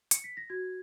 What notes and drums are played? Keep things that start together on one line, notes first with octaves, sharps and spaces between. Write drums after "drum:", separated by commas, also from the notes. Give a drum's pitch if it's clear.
C#7, drum: hi-hat
B6
A#6
F#4 G#6